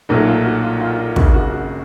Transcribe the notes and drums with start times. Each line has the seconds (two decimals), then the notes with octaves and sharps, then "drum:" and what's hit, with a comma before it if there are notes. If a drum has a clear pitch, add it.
0.09 B1 A#2 F#3 A3 D#4
0.27 F4
0.45 F#4
0.63 F4
0.81 F4
0.98 F4
1.16 G#1 F#2 C#3 F#4, drum: kick
1.34 F#4
1.52 F#4